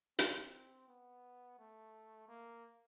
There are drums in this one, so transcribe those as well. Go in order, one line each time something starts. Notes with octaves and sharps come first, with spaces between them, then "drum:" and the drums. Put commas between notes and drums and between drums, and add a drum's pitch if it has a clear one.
C4, drum: hi-hat
B3
A3
A#3